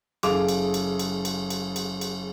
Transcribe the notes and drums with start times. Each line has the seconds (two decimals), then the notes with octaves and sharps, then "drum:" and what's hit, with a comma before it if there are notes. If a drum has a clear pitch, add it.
0.23 F#1 G#4 A4 F5 D6 F7, drum: cymbal
0.49 drum: cymbal
0.74 drum: cymbal
0.99 drum: cymbal
1.25 drum: cymbal
1.50 drum: cymbal
1.76 drum: cymbal
2.01 drum: cymbal